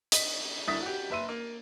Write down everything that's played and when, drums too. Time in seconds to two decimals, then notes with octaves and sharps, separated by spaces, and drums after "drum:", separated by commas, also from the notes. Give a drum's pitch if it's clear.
0.12 D#5 B6, drum: hi-hat
0.68 C2 D3 E4 D#6 A6 B6
0.82 F#4 G4
1.10 F#1 B4 E5 C6 D#7
1.29 A#3